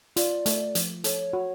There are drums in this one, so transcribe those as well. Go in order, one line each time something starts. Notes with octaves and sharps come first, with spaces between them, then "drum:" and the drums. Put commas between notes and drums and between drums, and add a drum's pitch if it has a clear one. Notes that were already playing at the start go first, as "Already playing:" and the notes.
F4 D5, drum: hi-hat
A3, drum: hi-hat
F3, drum: hi-hat
A4 C#5, drum: hi-hat
F#4